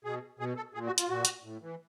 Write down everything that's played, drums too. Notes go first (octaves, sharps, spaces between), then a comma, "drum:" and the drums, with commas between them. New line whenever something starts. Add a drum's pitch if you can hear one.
B2 G#4
B2 G#4
A4
A#2 G#4
F#4
F4, drum: hi-hat
A#2 F#4
drum: hi-hat
A2
E3